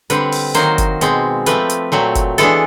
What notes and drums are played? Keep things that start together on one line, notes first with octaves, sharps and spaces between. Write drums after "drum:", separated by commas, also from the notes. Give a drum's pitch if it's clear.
D3 G3 C4 B4, drum: hi-hat
drum: open hi-hat
D#3 F#3 A#3 C5, drum: hi-hat
drum: kick F#1, hi-hat
B2 G#3 C4, drum: hi-hat
F3 A3 C4 B4, drum: hi-hat
drum: hi-hat
A#2 F#3 A3 C4
drum: kick F#1, hi-hat
E3 G#3 B3 D4 A4, drum: hi-hat